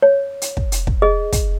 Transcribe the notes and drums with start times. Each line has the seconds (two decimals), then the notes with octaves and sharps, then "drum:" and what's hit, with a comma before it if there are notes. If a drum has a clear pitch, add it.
0.02 C#5
0.42 drum: hi-hat
0.57 drum: kick
0.72 drum: hi-hat
0.87 drum: kick
1.02 G#4 D#5
1.32 drum: kick, hi-hat